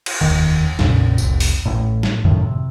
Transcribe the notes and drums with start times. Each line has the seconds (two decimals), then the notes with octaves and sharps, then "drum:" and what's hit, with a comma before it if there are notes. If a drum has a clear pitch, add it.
0.06 drum: cymbal
0.21 F1 D#2 D#3
0.79 A#1 F2 A#2 C#3, drum: snare
1.18 F1 C2, drum: tambourine
1.40 drum: open hi-hat
1.66 A1 A2
2.03 drum: snare
2.25 F#2 A2 D#3 F3
2.43 C3